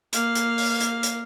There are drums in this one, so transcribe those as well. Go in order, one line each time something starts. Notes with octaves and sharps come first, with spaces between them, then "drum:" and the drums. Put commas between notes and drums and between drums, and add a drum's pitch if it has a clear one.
A#3 F5, drum: hi-hat
drum: hi-hat
drum: open hi-hat
drum: hi-hat
drum: hi-hat